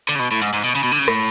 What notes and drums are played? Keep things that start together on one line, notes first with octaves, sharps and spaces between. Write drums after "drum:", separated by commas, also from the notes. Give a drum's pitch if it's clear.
D3, drum: hi-hat
C#3
B2
A2
G#2, drum: hi-hat
G#2
B2
C#3, drum: hi-hat
B2
D3
C#3
A2, drum: rim click